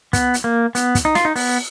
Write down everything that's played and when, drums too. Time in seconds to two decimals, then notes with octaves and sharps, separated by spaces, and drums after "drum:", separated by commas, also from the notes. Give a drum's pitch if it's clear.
0.13 B3, drum: kick, hi-hat
0.34 drum: hi-hat
0.44 A#3
0.75 B3, drum: hi-hat
0.95 drum: kick, hi-hat
1.05 D#4
1.15 F4, drum: snare
1.25 D#4
1.36 B3, drum: open hi-hat